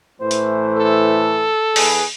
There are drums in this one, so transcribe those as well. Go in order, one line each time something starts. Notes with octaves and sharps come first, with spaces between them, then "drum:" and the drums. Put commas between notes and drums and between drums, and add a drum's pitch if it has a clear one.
A2 E3 A3 C5
drum: hi-hat
A4
E2 G#4 B4, drum: open hi-hat